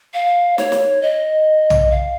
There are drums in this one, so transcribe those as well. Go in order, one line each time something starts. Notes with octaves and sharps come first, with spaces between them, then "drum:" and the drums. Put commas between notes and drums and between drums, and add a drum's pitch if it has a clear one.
F5
C#5, drum: snare
drum: snare
D#5
drum: tom
F5